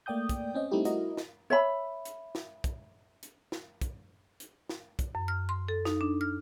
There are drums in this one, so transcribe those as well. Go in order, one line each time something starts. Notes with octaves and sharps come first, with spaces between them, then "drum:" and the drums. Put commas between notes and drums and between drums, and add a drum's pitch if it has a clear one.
A3 A#3 D5 G5 D#6 G6
drum: kick, hi-hat
C4 C#4 D#5
G3 A3 C4 D#4 E4 G4
E4 F#4 A#4 D#5, drum: hi-hat
drum: snare
C#5 E5 B5
drum: hi-hat
drum: snare
drum: kick, hi-hat
drum: hi-hat
drum: snare
drum: kick, hi-hat
drum: hi-hat
drum: snare
drum: kick, hi-hat
F#2
F6
C6
A4
D#4, drum: snare
D4
F6